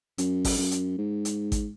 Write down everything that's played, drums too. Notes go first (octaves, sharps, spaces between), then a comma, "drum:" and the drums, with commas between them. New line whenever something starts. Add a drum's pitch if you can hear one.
F#2, drum: hi-hat
drum: kick G#1, open hi-hat
F#2
drum: hi-hat
G#2
drum: hi-hat
drum: kick G#1, hi-hat